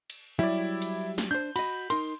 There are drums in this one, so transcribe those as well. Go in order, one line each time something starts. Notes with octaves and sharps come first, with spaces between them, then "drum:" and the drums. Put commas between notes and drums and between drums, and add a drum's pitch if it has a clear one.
drum: cymbal
F#3 G3 E4 G4 D5
drum: cymbal
drum: snare
D4 C5 G6
F#4 D#5 B5, drum: cymbal
D#4 A#4 C6, drum: cymbal